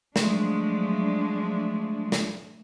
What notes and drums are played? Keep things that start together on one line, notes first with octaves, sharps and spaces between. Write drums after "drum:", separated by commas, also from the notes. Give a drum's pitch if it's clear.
F3 F#3 G#3 A3 D4, drum: snare
drum: snare